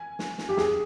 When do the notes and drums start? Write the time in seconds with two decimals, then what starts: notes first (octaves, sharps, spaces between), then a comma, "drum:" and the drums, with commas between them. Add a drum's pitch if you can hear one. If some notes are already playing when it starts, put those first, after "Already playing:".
Already playing: G#5
0.19 drum: snare
0.38 drum: snare
0.49 G4
0.57 G#4, drum: snare